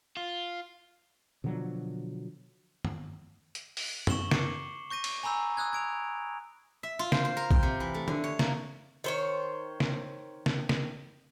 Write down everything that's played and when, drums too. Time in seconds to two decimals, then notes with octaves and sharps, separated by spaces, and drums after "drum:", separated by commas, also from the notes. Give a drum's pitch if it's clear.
0.17 F4
1.44 B2 D3 F3 F#3
2.85 drum: tom
3.55 drum: hi-hat
3.77 drum: open hi-hat
4.07 C#6 E7 F#7 G7, drum: tom F#2
4.31 D6 C7 C#7, drum: snare
4.90 C#6 G6 A#6 D#7
5.04 drum: cymbal
5.23 G#5 A#5 B5 E6 G6
5.57 D#6 E6 F#6 G#6
5.73 G#6 D7 F7
6.83 E5
6.99 F4
7.12 C5, drum: snare
7.25 C5
7.37 A#4
7.51 G5, drum: kick
7.63 C3
7.80 E3
7.94 A3
8.08 D3, drum: tom D#3
8.24 C#5
8.39 A#3, drum: snare
9.04 D#3 C5 C#5
9.80 drum: snare
10.46 drum: snare
10.69 drum: snare